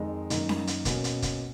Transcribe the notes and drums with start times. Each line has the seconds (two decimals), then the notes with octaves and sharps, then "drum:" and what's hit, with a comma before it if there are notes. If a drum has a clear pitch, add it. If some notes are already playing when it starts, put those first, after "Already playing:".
Already playing: F2 D#3 G#3 D#4
0.30 F#2 D#3 A#3 D#4, drum: hi-hat
0.49 drum: snare C#4
0.67 drum: hi-hat
0.85 B2 A#3 C#4, drum: kick, hi-hat
1.04 drum: hi-hat
1.22 drum: kick, hi-hat